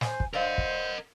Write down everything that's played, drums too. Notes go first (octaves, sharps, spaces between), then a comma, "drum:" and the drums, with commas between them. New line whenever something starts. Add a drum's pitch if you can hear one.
C5 G#5, drum: snare
drum: kick
G2 A#4 C5 D5 D#5 F5 F#5
drum: kick